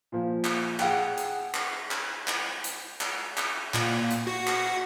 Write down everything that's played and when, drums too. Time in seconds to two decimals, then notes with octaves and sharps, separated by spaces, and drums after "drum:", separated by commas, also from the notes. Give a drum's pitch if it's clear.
0.12 A#2 F3
0.44 drum: clap
0.80 G#4 F#5 G5, drum: clap
1.18 drum: hi-hat
1.54 drum: clap
1.91 drum: clap
2.28 drum: clap
2.64 drum: hi-hat
3.01 drum: clap
3.37 drum: clap
3.74 A#2, drum: clap
4.11 drum: hi-hat
4.27 F#4
4.47 drum: clap